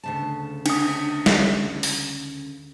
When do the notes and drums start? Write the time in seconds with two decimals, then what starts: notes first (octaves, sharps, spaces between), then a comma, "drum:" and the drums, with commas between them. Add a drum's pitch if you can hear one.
0.04 D2 C#3 A5
0.66 D4 D#6, drum: cymbal
1.26 drum: snare
1.83 drum: open hi-hat